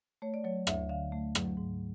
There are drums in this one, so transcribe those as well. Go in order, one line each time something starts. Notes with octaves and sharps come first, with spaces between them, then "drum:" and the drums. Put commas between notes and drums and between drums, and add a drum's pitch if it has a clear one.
A3 C#5
D5
F#3 C#5
D2 E5, drum: rim click
D3 F5
A3
F#3, drum: rim click
G#2